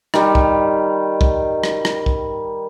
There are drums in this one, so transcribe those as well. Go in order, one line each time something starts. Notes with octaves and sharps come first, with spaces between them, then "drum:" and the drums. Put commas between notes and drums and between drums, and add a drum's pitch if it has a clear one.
D#3 G3, drum: rim click
drum: kick
drum: kick
drum: rim click
drum: rim click
drum: kick